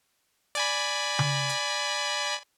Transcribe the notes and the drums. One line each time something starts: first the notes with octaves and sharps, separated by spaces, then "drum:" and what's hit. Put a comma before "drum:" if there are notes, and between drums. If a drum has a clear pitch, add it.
D5 G#5 B5, drum: hi-hat
drum: tom C#3
drum: hi-hat